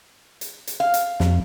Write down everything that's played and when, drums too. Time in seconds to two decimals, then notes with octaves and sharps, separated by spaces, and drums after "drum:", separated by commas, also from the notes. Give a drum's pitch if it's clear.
0.41 drum: hi-hat
0.67 drum: hi-hat
0.80 F5
0.94 drum: hi-hat
1.20 F2, drum: snare